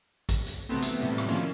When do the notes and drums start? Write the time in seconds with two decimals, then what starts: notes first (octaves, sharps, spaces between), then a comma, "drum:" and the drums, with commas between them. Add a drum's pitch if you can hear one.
0.29 drum: kick, hi-hat
0.47 drum: hi-hat
0.69 C3 E3 F#3 A3 B3 C4
0.82 drum: hi-hat
1.00 A2 C3 G3
1.18 drum: rim click
1.28 D#3 F3 A#3 C#4 E4 F4